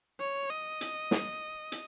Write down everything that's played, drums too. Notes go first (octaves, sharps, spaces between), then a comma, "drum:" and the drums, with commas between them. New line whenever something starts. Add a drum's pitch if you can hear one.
C#5
D#5
drum: hi-hat
drum: snare
drum: hi-hat